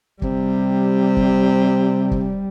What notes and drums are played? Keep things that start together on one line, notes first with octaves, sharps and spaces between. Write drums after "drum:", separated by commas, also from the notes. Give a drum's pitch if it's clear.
C3 G3, drum: kick
drum: kick
drum: kick